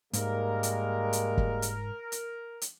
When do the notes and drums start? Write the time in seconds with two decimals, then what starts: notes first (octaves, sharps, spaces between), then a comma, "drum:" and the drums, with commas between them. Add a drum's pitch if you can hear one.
0.13 G#2 G3 G#3 A#3 A#4, drum: hi-hat
0.63 drum: hi-hat
1.13 drum: hi-hat
1.37 drum: kick
1.62 drum: hi-hat
2.12 drum: hi-hat
2.62 drum: hi-hat